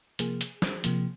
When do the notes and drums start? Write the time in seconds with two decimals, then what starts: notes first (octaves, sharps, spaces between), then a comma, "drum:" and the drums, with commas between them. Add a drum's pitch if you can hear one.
0.19 C3 F3 A#3 G#4, drum: hi-hat
0.41 drum: hi-hat
0.62 drum: snare
0.84 C3 F3 A#3, drum: hi-hat